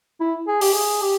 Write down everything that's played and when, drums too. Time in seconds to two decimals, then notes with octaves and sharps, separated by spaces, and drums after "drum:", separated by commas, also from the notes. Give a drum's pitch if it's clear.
0.20 E4
0.48 G#4
0.61 G4, drum: open hi-hat
0.74 G#4
1.02 G4